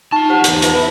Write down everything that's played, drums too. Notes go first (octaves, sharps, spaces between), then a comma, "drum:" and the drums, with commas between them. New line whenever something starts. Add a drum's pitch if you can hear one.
D#4 F4 A5 C#6
G4 C5 F#5
E2 D#4, drum: hi-hat
F4 B4 C5 E5, drum: hi-hat
E4